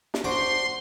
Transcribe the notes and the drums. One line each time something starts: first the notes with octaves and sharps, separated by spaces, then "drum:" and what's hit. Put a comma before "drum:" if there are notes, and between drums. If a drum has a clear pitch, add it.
drum: snare
D4 F#4 C5 C6